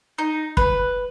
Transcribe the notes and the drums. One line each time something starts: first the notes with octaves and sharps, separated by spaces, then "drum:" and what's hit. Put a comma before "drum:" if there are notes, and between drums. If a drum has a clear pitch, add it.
D#4
B4, drum: kick